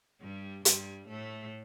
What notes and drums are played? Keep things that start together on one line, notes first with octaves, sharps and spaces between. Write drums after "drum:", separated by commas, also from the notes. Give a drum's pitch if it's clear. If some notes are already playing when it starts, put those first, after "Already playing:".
G2 G3
G2 G3, drum: hi-hat
A2 A3